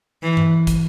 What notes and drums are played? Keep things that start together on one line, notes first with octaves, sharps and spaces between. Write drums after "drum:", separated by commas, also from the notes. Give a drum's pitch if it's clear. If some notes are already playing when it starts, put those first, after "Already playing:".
E3
drum: tom G2
drum: kick, hi-hat